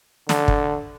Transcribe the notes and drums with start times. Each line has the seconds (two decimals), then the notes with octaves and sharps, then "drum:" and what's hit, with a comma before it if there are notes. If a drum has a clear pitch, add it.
0.29 D3, drum: snare
0.48 drum: kick